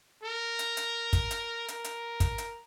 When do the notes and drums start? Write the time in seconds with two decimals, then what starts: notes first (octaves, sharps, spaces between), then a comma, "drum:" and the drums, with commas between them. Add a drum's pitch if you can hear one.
0.23 A#4
0.59 drum: hi-hat
0.77 drum: hi-hat
1.13 drum: kick, hi-hat
1.31 drum: hi-hat
1.68 A#4, drum: hi-hat
1.84 drum: hi-hat
2.20 drum: kick, hi-hat
2.38 drum: hi-hat